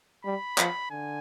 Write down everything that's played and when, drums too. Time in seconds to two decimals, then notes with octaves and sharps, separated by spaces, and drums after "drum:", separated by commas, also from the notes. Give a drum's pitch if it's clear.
0.25 G3 B5
0.58 F3, drum: clap
0.91 D3 G#5